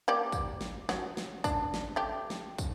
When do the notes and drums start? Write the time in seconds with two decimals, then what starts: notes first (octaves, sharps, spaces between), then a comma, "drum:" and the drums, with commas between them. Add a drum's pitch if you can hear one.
0.08 A#3 G4 D5
0.32 drum: kick, tambourine
0.61 drum: snare
0.89 F#3 F#4, drum: snare
1.17 drum: snare
1.44 D4, drum: kick, tambourine
1.74 drum: snare
1.96 A3 G4
2.30 drum: snare
2.58 drum: kick, tambourine